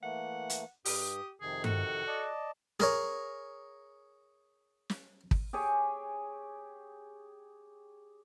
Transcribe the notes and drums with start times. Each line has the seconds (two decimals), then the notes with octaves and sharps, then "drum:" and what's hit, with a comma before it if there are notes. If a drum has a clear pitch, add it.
0.03 E3 A3 A#3 F#5
0.50 drum: hi-hat
0.85 G2 G4 D#6, drum: open hi-hat
1.41 F2 C3 D#3 G#4
1.64 F#4 A4, drum: tom G2
2.07 D5 D#5 A5
2.80 G#4 A#4 C#5, drum: snare
4.90 drum: snare
5.31 drum: kick
5.53 G4 G#4 C#5 G#5